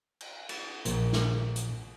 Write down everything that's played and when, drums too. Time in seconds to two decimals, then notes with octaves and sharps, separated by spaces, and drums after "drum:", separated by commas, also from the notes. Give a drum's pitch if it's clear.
0.21 drum: cymbal
0.49 drum: cymbal
0.85 A#1 A#2, drum: hi-hat
1.13 drum: snare
1.56 drum: hi-hat